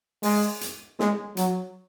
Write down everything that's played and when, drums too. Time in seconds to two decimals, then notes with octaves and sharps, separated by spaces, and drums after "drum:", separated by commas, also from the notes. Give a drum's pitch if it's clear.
0.23 G#3, drum: open hi-hat
0.61 drum: hi-hat
0.99 G#3, drum: snare
1.37 F#3, drum: hi-hat